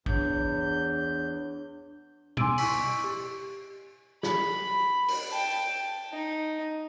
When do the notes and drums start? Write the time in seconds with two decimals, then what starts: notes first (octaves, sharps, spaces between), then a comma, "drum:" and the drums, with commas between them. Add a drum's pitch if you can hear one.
0.06 E2 D4 C#5 G6, drum: kick
2.37 G#5 C6 D6 E6 D7 D#7, drum: tom
2.58 E4 G#5 C#6 E6 B6 F#7, drum: open hi-hat
3.04 G4
4.23 B5, drum: snare
5.08 drum: open hi-hat
5.31 G5 A5
6.12 D#4